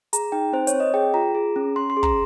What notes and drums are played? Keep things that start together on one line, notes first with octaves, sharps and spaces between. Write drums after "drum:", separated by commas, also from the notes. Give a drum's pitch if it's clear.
G#4 A#5, drum: hi-hat
D#4 G5
C4 C5
C#5, drum: hi-hat
C4
D#5
G#4 G5
F4 A#5
G#4
C#4
C#4 C6
C6
G#4
A#5, drum: kick